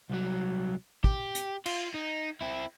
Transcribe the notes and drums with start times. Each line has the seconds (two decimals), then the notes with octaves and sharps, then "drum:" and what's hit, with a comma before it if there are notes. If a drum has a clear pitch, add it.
0.10 C2 F#3
1.04 G4, drum: kick
1.35 drum: hi-hat
1.66 F4, drum: cymbal
1.94 D#4
2.41 C4 E4